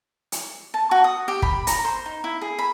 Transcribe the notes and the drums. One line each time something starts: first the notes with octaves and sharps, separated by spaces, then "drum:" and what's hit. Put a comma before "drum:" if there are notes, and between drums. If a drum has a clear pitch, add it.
drum: hi-hat
A5
F#4
D#6
G4
B5, drum: kick
A#5, drum: hi-hat
C5
D#4
E4
G#4
B5